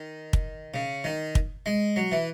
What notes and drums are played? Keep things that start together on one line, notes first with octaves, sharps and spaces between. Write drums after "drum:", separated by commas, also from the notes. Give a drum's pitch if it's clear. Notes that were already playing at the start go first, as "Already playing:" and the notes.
Already playing: D#3
drum: kick
C#3
D#3
drum: kick
G#3
F#3
E3